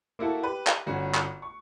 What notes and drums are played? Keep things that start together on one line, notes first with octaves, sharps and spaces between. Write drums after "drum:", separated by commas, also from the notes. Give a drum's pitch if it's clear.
A#3 E4 F#4 A4
G4 B4
drum: clap
G1 C#4 F#4
drum: clap
C#6